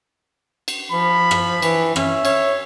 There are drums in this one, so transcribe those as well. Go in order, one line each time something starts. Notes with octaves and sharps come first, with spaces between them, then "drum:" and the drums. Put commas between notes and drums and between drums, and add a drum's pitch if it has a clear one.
drum: cymbal
F3 B5
drum: rim click
E3, drum: cymbal
C#4 E5, drum: rim click
C#5, drum: cymbal